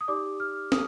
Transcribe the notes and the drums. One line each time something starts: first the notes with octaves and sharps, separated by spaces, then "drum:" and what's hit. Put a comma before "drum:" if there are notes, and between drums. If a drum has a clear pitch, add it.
D#6
D#4 G4 D5 D6
F6
D#6, drum: snare